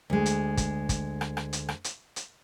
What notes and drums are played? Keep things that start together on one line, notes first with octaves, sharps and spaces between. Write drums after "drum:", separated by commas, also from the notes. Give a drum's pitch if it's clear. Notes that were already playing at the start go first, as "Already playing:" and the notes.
D2 G#3
drum: hi-hat
drum: kick, hi-hat
drum: kick, hi-hat
drum: rim click
drum: rim click
drum: hi-hat
drum: rim click
drum: hi-hat
drum: hi-hat